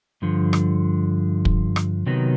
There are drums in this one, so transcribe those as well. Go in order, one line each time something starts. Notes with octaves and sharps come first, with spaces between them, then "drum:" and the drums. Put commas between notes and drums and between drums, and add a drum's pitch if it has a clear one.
G2 D3 F3
drum: rim click
drum: kick
drum: rim click
C3 D#3 F#3 B3 D#4